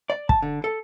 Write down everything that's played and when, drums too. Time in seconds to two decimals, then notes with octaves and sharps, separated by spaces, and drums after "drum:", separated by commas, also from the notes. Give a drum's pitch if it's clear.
0.10 D5
0.29 A5, drum: kick
0.42 D3
0.64 A4